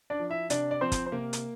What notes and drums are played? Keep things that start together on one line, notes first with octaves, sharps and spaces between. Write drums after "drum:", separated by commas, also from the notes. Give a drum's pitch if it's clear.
D4 D5
F3
E4 E5
C3 D4 D5, drum: hi-hat
D5
F3 C4 C5
drum: kick, hi-hat
C5
C3 A#3 A#4
drum: hi-hat